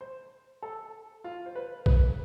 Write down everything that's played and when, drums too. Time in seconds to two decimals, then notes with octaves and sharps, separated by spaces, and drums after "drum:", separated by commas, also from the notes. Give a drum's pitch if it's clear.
0.01 C5
0.63 A4
1.24 F4
1.46 C5
1.56 B4
1.86 B4, drum: kick B1